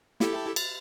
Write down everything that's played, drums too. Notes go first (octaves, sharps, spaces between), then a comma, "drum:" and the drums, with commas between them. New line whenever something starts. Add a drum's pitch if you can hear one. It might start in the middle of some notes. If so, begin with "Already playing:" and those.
E4 G4 A4, drum: snare
A6, drum: cymbal